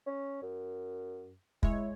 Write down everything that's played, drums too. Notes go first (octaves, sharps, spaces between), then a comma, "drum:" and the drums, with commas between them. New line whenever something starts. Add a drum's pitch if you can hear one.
C#4
F#2
G#3 E4 C#5, drum: kick